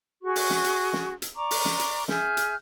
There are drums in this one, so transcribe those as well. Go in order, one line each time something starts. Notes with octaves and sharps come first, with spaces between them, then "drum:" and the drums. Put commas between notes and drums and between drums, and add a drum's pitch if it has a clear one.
F#4 G#4 C#6
drum: open hi-hat
drum: snare
drum: hi-hat
drum: snare
drum: hi-hat
D5 A#5 C#6 D6
drum: open hi-hat
drum: snare
drum: hi-hat
G#4 E5 F6 G6, drum: snare
drum: hi-hat